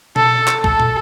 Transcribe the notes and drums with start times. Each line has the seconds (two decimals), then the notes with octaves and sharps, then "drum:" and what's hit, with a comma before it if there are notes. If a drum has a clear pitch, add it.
0.16 A4, drum: tom B2
0.47 drum: clap
0.64 A4, drum: kick
0.80 drum: tom